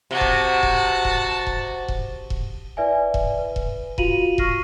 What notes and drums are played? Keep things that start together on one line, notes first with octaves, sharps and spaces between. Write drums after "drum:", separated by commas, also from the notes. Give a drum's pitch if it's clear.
C3 F#4 A5
drum: kick E1
drum: kick E1
drum: kick E1
drum: kick E1
drum: kick E1
drum: kick E1
E4 B4 D5 E5 G#5
drum: kick E1
B4
drum: kick E1
F4 F#4 F5 D#7 F7 F#7, drum: kick E1
C#6 F6 A#6 C7 D#7, drum: kick E1